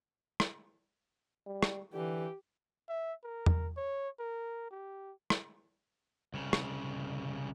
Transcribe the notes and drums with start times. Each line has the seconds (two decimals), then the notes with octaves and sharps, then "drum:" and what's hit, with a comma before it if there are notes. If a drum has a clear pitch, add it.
0.40 drum: rim click
1.46 G3
1.63 drum: rim click
1.93 D3 E3 G4
2.89 E5
3.23 A#4
3.46 drum: tom
3.77 C#5
4.19 A#4
4.71 G4
5.30 drum: rim click
6.34 C2 C#3
6.53 drum: rim click